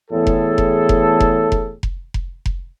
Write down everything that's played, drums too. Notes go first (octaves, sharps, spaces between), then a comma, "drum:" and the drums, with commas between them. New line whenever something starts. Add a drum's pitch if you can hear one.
E2 A2 G#4 A4
drum: kick F1
drum: kick F1
drum: kick F1
drum: kick F1
drum: kick F1
drum: kick F1
drum: kick F1
drum: kick F1